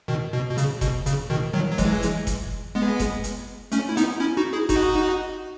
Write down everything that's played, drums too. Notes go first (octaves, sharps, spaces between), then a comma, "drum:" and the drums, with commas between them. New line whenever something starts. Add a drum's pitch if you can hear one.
B2 D#3
B2
B2
C#3, drum: hi-hat
B2, drum: kick F#1, hi-hat
C#3, drum: hi-hat
B2 D#3
D#3 F#3
F#3
E3 G#3, drum: kick F#1, hi-hat
drum: hi-hat
drum: kick F#1, hi-hat
G#3 B3
drum: kick F#1, hi-hat
drum: hi-hat
A3 C#4, drum: hi-hat
E4
B3 D#4, drum: hi-hat
C#4 E4
D#4 F#4
E4 G#4
D#4 F#4, drum: kick F#1, hi-hat